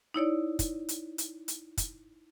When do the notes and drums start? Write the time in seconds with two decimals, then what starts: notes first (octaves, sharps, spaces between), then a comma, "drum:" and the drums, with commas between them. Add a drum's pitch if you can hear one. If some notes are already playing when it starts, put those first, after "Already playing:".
0.14 D#4 E4 C#5 D5
0.59 drum: kick, hi-hat
0.89 drum: hi-hat
1.18 drum: hi-hat
1.48 drum: hi-hat
1.77 drum: kick, hi-hat